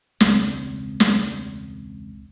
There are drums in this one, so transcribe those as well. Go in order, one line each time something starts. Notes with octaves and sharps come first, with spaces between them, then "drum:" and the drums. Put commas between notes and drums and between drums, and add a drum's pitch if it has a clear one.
E1 C#2 C4, drum: snare
drum: snare